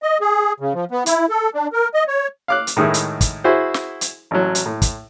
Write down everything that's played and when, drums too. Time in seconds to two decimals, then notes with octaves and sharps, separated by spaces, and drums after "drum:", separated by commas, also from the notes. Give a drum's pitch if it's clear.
0.03 D#5
0.21 G#4
0.60 C#3
0.74 F3
0.91 B3
1.06 E4, drum: hi-hat
1.29 A4
1.54 D4
1.73 A#4
1.94 D#5
2.07 C#5
2.48 F5 D6 F#6
2.67 drum: hi-hat
2.77 A2 D#3 G#3 D#4 E4
2.94 drum: hi-hat
3.21 drum: kick, hi-hat
3.44 E4 F#4 G#4 C5
3.74 drum: snare
4.01 drum: hi-hat
4.31 A1 F#3
4.55 drum: hi-hat
4.65 A2
4.82 drum: kick, hi-hat